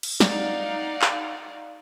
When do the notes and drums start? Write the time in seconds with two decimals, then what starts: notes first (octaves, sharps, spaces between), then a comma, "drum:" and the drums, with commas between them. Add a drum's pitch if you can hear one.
0.03 drum: cymbal
0.20 D#4 D5 F5 F#5, drum: snare
1.02 drum: clap